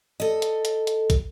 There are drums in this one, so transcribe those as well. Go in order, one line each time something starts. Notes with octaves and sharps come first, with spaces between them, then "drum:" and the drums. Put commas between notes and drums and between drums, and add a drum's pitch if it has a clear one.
A4 D#5
drum: hi-hat
drum: hi-hat
drum: hi-hat
drum: kick, hi-hat